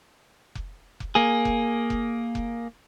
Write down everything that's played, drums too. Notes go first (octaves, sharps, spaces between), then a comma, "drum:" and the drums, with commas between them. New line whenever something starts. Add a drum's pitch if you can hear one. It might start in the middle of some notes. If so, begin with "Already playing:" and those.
drum: kick F1
drum: kick F1
A#3 G#4
drum: kick F1
drum: kick F1
drum: kick F1